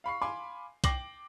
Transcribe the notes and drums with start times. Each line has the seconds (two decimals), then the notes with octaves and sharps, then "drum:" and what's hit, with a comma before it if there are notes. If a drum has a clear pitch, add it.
0.04 F5 B5 C#6 C7
0.22 F5 G#5 B5 C6 D6
0.84 G5 D6 A#6 C7 F#7, drum: kick B1, hi-hat